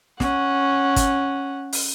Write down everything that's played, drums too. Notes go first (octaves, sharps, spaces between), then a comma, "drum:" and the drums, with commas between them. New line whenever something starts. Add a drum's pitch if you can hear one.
C#4 F#5, drum: snare
drum: kick, hi-hat
drum: open hi-hat